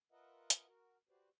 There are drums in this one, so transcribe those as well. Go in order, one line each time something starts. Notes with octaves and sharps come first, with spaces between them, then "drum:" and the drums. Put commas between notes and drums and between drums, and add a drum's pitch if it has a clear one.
F4 A#4 B4 D#5 E5 F#5
drum: hi-hat
F#4 A#4
F#4 G4 B4 C5 D5